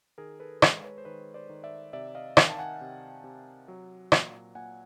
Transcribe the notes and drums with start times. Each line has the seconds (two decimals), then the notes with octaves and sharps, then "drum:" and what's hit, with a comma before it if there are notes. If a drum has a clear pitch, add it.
0.18 D#3 G#4 A#4
0.40 A4 B4
0.62 G#3, drum: rim click
0.84 B4 C#5
0.98 C5
1.05 D#3 B4 C#5
1.34 C5 D5
1.49 D#3
1.64 D5 E5
1.93 C3 D5 E5
2.15 D#5 F5
2.37 D#3 F5 G5, drum: rim click
2.49 A5
2.59 F#5 G#5
2.81 C3
3.24 C3
3.68 F#3
4.12 A#2, drum: rim click
4.55 A#2 F#5 G#5